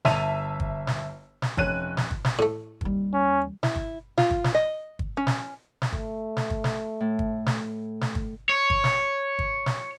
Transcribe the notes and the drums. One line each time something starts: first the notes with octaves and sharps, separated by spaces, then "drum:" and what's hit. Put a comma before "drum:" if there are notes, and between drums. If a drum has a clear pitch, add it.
G1 E5 A5 D#7 F7, drum: snare
drum: kick
drum: snare
drum: snare
F1 C#4 F#6 D#7, drum: kick
drum: snare
drum: kick
drum: snare
A2 A3
D#2 G3, drum: kick
C#4
E4, drum: snare
drum: kick
F4, drum: snare
drum: kick
drum: snare
D#5
drum: kick
C#4
drum: snare
drum: snare
A3, drum: kick
drum: snare
drum: kick
drum: snare
A2
drum: kick
drum: snare
drum: snare
drum: kick
C#5
drum: kick
drum: snare
drum: kick
drum: snare